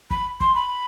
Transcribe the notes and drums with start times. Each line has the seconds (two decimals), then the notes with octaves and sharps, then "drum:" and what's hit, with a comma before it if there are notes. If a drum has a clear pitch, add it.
0.11 B5, drum: kick
0.40 C6, drum: kick
0.55 B5